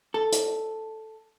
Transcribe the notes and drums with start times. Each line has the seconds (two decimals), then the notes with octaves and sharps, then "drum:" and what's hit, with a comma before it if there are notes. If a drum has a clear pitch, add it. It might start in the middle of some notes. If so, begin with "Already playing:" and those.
0.14 A4
0.32 drum: hi-hat